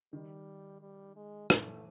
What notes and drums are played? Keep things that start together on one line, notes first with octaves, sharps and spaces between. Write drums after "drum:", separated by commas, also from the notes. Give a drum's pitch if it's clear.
D#3 G3
G3
G#3
E3 A3, drum: rim click